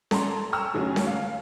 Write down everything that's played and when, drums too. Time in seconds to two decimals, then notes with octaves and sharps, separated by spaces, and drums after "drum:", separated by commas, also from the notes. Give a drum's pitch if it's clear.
0.11 A4 A#5 C6, drum: snare C#4
0.52 G5 G#5 A#5 C#6 E6
0.74 F#2 D3 F#3 A3 C#4
0.96 drum: snare C#4
1.07 F5